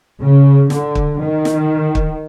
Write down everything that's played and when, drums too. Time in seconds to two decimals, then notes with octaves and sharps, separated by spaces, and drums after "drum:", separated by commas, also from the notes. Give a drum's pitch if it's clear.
0.20 C#3
0.70 D3, drum: snare
0.95 drum: kick
1.20 D#3
1.45 drum: snare
1.95 drum: kick